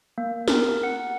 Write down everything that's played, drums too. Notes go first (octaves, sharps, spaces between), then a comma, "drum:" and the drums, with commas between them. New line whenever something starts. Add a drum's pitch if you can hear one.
A#3
A#4, drum: snare
F#5